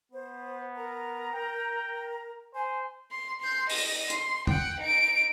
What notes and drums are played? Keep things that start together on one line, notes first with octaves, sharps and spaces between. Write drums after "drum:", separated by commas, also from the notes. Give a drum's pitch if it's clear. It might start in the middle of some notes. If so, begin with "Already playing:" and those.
B3 C5
A#4 A#5
G5
C5 G#5
C6
C6 G6
D#5 D#7, drum: open hi-hat
C6, drum: hi-hat
F#5 G5, drum: tom
D#4 D7